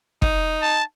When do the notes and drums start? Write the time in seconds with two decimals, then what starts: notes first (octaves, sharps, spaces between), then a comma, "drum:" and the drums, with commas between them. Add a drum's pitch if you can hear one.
0.22 D#4, drum: kick
0.62 A5